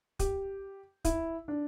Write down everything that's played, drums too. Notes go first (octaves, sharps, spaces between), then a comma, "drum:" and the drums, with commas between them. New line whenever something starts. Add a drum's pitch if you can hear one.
G4, drum: kick, hi-hat
E4, drum: kick, hi-hat
D4